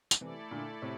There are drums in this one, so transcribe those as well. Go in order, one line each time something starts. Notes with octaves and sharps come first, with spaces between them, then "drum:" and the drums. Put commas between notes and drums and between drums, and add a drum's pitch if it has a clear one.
drum: tambourine
C3 E3 A3 E4 A4 D5
A#2 D3
A2 C3